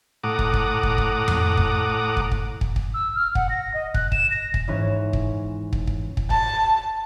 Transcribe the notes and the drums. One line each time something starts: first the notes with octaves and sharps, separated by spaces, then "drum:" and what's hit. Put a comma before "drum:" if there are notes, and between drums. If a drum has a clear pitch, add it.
A2 F#5 A#5 D6 D#6
drum: kick
drum: kick
drum: kick
drum: kick
drum: tom F2
drum: kick
drum: kick
drum: kick
drum: kick
drum: kick
E6
F6
F#5, drum: kick
A#6
D#5
F#6, drum: kick
E7, drum: kick
A#6
drum: kick
G#2 E3 C#4
drum: kick
drum: kick
drum: kick
drum: kick
A5, drum: kick